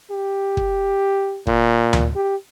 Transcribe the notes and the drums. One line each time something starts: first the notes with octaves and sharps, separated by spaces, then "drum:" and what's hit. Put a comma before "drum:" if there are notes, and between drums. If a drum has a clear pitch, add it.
G4
drum: kick
A#2, drum: kick
drum: tom D2
G4